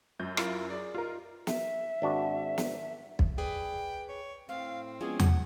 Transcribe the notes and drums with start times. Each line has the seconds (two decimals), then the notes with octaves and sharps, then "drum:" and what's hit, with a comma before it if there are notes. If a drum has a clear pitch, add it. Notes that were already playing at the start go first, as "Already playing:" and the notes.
0.19 F#2 G6
0.37 E4 F4 A#4, drum: rim click
0.70 G#4 D5
0.95 D#4 F4 A#4
1.47 E5, drum: snare
2.02 G#1 D4 F#4
2.58 drum: snare
3.19 drum: kick
3.38 G#4 B4 D5 G5
4.09 C#5
4.49 A2 C4 F5
5.01 F3 G#3 B3 C#4 G#4
5.19 F#5, drum: tom E2